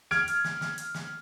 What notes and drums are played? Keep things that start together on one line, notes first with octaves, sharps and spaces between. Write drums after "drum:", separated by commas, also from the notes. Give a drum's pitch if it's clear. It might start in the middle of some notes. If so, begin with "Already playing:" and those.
F6 G#6 D7, drum: snare
drum: hi-hat
drum: snare
drum: snare
drum: hi-hat
drum: snare